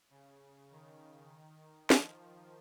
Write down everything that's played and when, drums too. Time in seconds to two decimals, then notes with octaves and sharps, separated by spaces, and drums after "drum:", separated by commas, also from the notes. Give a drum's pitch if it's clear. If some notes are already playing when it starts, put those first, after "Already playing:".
0.10 C#3
0.71 D#3
1.90 F3, drum: snare